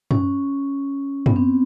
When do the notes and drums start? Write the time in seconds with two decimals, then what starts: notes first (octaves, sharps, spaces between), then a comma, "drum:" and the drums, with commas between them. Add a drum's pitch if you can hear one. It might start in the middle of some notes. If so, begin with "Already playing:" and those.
0.11 C#4, drum: tom
1.26 B3, drum: tom
1.36 C4